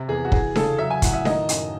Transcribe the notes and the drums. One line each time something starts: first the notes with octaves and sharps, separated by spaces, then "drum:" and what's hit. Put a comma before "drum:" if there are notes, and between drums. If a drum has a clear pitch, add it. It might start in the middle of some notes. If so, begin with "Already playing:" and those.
Already playing: C3
E2 G#4
F#4
E3 G#4, drum: kick
C#3 A4, drum: snare D4
F#3 E5
G#5
A2 F#5, drum: kick, hi-hat
E5
D#3 D#5, drum: snare D4
F#2, drum: hi-hat